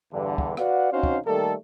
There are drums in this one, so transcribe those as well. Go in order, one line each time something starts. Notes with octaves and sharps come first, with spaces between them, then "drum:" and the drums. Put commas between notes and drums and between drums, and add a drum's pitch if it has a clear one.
E2 G2 D3
drum: kick
F#4 B4 D5 F5 F#5, drum: rim click
C4 C#4 D#4 F#4 C5 F5
drum: kick
D#3 G3 A3 A#3 A4